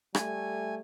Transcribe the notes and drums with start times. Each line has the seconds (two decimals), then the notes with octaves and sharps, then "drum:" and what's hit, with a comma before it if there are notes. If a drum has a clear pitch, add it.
0.15 G3 A3 G#5, drum: rim click